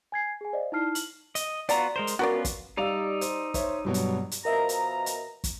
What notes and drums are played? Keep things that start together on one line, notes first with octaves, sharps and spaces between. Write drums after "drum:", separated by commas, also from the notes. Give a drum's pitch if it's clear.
G#5 G#6 C7
G#4 G#5
C5 D5 D#5 F5
D#4 E4 A5 F6 C7
F#7, drum: hi-hat
D#5, drum: hi-hat
B3 F4 F#4 D5 A#5, drum: hi-hat
G#3 A#4 C5
drum: hi-hat
B3 C#4 F4 F#4 A#4 D5
drum: kick, hi-hat
G3 D#4 D5 F5 A#5 E6
C5, drum: hi-hat
C5 C#5 E5, drum: kick, hi-hat
G2 B2 F#3
drum: hi-hat
drum: hi-hat
B2 F3 A#4 D#5 E5 A#5
drum: hi-hat
drum: hi-hat
drum: kick, hi-hat